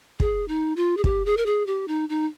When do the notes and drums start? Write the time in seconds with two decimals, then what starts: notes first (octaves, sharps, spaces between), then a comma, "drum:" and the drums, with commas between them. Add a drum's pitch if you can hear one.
0.20 G#4, drum: kick
0.48 D#4
0.76 F4
0.97 G#4
1.04 G4, drum: kick
1.26 G#4
1.37 A#4
1.46 G#4
1.67 G4
1.88 D#4
2.09 D#4